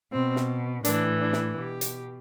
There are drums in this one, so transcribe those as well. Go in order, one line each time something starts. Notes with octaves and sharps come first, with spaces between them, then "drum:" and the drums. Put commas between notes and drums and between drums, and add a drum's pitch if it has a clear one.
B2 C4
drum: snare
A2 E3 D4, drum: hi-hat
D4
drum: snare
B2 G4
drum: hi-hat